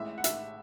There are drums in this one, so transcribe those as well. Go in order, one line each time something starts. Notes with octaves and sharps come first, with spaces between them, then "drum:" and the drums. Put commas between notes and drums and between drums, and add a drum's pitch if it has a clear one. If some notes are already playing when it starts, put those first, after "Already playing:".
Already playing: A1 A2 G#3 E5
F#5
E5, drum: hi-hat